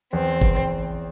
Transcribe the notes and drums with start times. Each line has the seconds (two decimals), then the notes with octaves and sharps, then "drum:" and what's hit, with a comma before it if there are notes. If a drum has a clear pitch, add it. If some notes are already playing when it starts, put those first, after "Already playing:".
0.13 E2 C4
0.42 E2, drum: kick